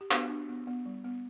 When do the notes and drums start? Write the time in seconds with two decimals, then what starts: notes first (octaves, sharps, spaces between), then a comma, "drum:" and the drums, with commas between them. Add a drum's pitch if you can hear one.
0.01 G4
0.11 B3 D4 F#4, drum: clap
0.29 D4
0.49 B3
0.67 B3
0.86 G3
1.04 B3